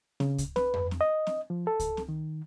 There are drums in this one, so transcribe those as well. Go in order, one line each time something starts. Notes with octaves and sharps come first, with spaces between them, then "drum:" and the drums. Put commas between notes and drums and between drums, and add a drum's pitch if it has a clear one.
C#3, drum: snare C4
drum: kick C#2, hi-hat
B4, drum: snare C4
drum: tom F2
drum: snare C4
D#5
drum: snare C4
F3
A4
drum: kick C#2, hi-hat
drum: snare C4
D#3